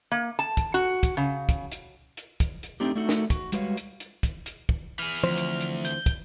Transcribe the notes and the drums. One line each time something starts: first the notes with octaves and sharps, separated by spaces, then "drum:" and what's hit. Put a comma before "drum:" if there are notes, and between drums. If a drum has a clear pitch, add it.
A#3
A5
drum: kick, hi-hat
F#4
drum: kick, hi-hat
C#3
drum: kick, hi-hat
drum: hi-hat
drum: hi-hat
drum: kick, hi-hat
drum: hi-hat
A3 C4 D4 D#4 G4
A3 D4 D#4 F#4 A4 F#5
drum: snare
F#4, drum: kick, hi-hat
G3 G#3 F#4 B4 C#5 F5, drum: hi-hat
drum: hi-hat
drum: hi-hat
drum: kick, hi-hat
drum: hi-hat
drum: kick
E3 G#4 F6
D2 E3 F3 C4 C5
drum: hi-hat
drum: hi-hat
G6, drum: hi-hat
drum: kick, hi-hat